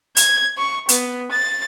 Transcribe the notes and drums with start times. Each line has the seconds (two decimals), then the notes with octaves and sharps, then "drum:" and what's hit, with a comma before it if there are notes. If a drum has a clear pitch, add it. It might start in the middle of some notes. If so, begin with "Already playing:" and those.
0.17 G#6, drum: hi-hat
0.58 C#6
0.89 B3, drum: hi-hat
1.31 A6